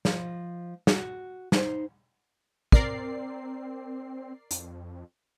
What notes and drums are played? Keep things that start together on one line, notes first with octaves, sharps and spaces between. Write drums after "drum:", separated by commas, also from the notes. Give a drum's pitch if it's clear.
F3 D#5, drum: snare
F#4, drum: snare
D#4 C5, drum: snare
C4 A#4 D5 C7, drum: kick
F2, drum: hi-hat